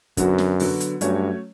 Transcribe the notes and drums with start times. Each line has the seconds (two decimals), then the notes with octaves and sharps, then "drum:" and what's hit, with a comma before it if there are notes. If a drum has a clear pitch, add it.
0.17 F#2 D3 F#3 B3 F#4, drum: kick, hi-hat
0.38 drum: snare
0.60 D3 F#3 B3 F#4, drum: open hi-hat
0.80 drum: hi-hat
1.01 G2 F#3 A3 C#4 F#4 C#5, drum: hi-hat